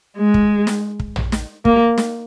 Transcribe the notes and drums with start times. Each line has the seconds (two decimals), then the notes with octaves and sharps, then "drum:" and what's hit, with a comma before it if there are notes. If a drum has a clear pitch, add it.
0.17 G#3
0.34 drum: kick
0.67 drum: snare
1.00 drum: kick
1.16 drum: tom
1.32 drum: snare
1.65 A#3, drum: kick
1.98 drum: snare